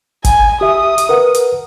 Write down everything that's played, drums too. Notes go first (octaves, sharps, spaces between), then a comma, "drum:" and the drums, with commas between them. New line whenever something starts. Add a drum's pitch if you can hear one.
G#5, drum: kick, hi-hat
G4 E5 D#6
drum: hi-hat
A#4 B4 F#5
drum: hi-hat